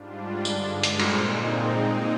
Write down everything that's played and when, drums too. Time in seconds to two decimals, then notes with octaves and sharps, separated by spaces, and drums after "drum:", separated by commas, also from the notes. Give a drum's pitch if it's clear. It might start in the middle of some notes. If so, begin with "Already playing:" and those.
Already playing: G#2 G3 D4 F4
0.45 G2 D3 G#3 D4, drum: tambourine
0.83 drum: hi-hat
1.00 A#2 G#3 C4 D#4, drum: cymbal